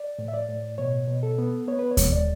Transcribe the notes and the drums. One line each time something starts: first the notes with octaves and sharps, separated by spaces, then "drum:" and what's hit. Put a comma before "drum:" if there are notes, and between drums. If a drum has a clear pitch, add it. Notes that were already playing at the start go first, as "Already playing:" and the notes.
Already playing: D5
A2
E5
D5
A2
B2 C#5
B2
A4
B3
B3 C#5
B4
C#5
G#3, drum: kick D#2, hi-hat
D5